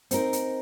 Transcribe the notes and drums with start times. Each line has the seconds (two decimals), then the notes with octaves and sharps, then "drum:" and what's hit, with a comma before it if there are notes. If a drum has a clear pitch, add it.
0.11 C4 D#4 A#4, drum: hi-hat
0.33 drum: hi-hat